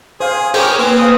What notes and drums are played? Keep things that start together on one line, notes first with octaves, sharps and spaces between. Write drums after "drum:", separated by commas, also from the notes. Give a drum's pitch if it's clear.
G#4 C5 F5
G#5
C#4 G#4 A#4 C5 G5 D6, drum: cymbal
A#3 C4 B4 G#5
B4 C5 F5 D#6